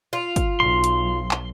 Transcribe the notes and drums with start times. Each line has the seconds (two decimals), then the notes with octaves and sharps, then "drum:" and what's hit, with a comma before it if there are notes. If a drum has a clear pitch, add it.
0.13 F4
0.36 drum: kick, hi-hat
0.60 B1 C6
0.84 drum: hi-hat
1.31 drum: clap